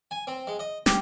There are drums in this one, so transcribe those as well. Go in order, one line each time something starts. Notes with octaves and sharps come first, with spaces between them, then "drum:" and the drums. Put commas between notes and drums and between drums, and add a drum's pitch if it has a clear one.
G#5
C4
G#3
D#5
G4, drum: snare